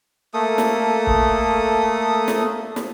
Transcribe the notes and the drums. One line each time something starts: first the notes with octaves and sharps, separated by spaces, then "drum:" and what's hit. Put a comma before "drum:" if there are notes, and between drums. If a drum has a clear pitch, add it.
A3 A#3 A4 D#6
drum: snare
drum: kick C#1
drum: snare
drum: snare